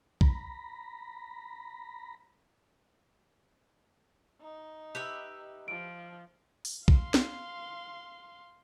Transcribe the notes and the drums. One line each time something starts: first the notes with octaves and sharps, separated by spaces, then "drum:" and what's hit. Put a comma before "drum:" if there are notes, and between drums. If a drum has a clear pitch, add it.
A#5 B5, drum: kick
D#4
G4 B4 E5
F3 D7
drum: open hi-hat
F5 C6, drum: kick
drum: snare